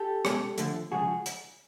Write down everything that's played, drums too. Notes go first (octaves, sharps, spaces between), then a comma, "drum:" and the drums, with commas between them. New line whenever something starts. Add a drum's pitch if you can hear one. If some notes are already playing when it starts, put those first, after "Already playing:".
Already playing: G4 A4
B2 G#3 C#4, drum: rim click
D#2 D3 F3 A3, drum: hi-hat
C#3 F3 G#3 F#4 G#4
drum: hi-hat